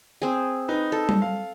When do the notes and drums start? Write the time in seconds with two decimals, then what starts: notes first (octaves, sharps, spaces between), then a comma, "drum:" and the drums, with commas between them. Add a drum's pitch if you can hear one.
0.22 C4 G#4
0.68 D#4 B4
0.92 A4
1.09 drum: tom G3
1.22 F5